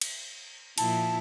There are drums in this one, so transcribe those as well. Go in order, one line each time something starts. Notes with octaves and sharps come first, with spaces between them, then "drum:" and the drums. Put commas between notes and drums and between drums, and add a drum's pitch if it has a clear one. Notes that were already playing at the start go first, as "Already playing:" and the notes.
drum: cymbal
A#2 F3 E4 A5, drum: cymbal